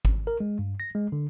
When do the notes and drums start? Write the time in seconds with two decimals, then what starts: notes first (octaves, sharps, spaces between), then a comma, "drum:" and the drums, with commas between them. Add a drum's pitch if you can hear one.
0.05 G#1, drum: kick G1
0.27 A#4
0.40 G#3
0.59 G2
0.80 A#6
0.95 G#3
1.12 D3